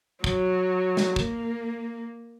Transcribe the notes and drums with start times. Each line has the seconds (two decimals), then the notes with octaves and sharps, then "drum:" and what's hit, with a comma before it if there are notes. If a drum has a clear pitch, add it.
0.24 F#3, drum: kick
0.97 drum: snare
1.16 A#3, drum: kick